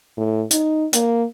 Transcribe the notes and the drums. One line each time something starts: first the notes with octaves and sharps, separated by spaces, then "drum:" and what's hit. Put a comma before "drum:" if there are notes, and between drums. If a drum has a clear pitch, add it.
A2
D#4, drum: hi-hat
A#3, drum: hi-hat